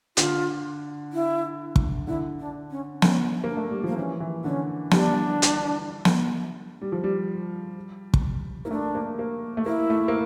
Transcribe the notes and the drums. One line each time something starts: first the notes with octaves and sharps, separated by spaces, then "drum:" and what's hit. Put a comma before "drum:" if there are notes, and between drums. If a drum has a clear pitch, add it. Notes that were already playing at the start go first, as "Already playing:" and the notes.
D3 F4, drum: hi-hat
E4
drum: kick
D3 E4
D4
C#4
C#4, drum: snare
A#3
D4
A3
G3
F3 A#3
E3 C#4
E3
D3 C#4
G3 D4, drum: snare
drum: hi-hat
drum: snare
G3
F3
G3
drum: kick
A#3 E4
A3 D4
A#3
A#3
A3
A#3 E4
A3
A#3